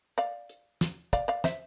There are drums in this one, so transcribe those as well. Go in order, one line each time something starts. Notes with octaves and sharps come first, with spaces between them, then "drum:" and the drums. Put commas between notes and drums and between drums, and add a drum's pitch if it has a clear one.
D5 F5
drum: hi-hat
drum: snare
D5 F5, drum: kick, hi-hat
D5 F5
C5 E5, drum: snare